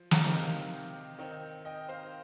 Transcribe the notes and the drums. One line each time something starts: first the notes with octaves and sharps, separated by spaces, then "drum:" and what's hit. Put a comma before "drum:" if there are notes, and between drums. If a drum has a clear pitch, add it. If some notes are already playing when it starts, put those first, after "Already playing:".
Already playing: F3
F5 A#5, drum: snare
C3 D#3 C4 D#4 F5 A#5
D#3 C4 D#4
D#5 G5
C5 F5